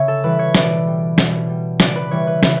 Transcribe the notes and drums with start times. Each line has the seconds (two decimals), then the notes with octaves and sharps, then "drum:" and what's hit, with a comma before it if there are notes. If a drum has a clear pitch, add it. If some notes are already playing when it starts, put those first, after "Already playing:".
Already playing: C#3 C#5 E5
0.08 A4
0.23 E3 G3 B4
0.39 C#5
0.55 B2 D5, drum: snare
0.87 G3
1.18 B2, drum: snare
1.49 G3
1.80 C#3 D5, drum: snare
1.96 B4
2.11 E3 G3 C#5
2.27 B4
2.43 C#3 B4, drum: snare